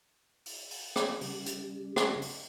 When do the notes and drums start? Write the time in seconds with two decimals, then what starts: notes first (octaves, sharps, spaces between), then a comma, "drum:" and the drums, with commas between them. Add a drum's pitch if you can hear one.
0.46 drum: open hi-hat
0.71 drum: open hi-hat
0.96 drum: rim click
1.21 C#3 G3, drum: open hi-hat
1.46 drum: hi-hat
1.96 drum: rim click
2.22 drum: open hi-hat